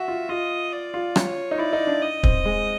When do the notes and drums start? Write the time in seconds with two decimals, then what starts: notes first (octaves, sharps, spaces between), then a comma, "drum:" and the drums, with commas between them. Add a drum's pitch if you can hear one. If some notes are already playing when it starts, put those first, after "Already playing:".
Already playing: F#4 E5
0.08 F4
0.29 F4 D#5
0.72 D5
0.94 F4
1.16 C#5, drum: rim click
1.51 D#4
1.58 E4 D5
1.73 D#4
1.87 D4
2.02 D#5
2.23 C4, drum: kick
2.45 G#3